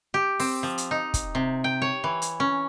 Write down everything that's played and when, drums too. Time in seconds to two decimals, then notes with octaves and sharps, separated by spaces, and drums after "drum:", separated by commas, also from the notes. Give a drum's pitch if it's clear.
0.14 G4
0.40 C4, drum: open hi-hat
0.63 F3
0.78 drum: hi-hat
0.91 D#4
1.14 drum: kick, hi-hat
1.35 C3
1.64 G5
1.82 C#5
2.04 E3
2.22 drum: hi-hat
2.40 C#4